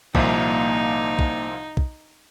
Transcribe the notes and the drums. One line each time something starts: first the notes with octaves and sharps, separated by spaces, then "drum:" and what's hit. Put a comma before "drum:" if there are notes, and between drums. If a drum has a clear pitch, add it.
C2 A#2 F3 A#3 D#4 E5 F5, drum: kick
drum: kick
drum: kick